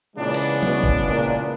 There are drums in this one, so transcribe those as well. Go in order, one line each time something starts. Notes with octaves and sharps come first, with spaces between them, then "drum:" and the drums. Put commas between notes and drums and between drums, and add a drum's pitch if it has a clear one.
A#2 C#3 E3 G#3 B3 D4
drum: cymbal
B2, drum: tom F#3
drum: kick
A#2